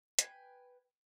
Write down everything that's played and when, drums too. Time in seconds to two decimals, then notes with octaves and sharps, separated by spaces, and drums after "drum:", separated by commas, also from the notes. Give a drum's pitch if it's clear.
0.19 B4 G5 G#5, drum: hi-hat